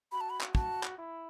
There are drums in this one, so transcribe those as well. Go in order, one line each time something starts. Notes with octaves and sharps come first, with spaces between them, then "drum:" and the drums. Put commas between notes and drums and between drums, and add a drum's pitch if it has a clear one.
F#4 B5
A5
B5
drum: clap
F#4 A5, drum: kick
drum: clap
E4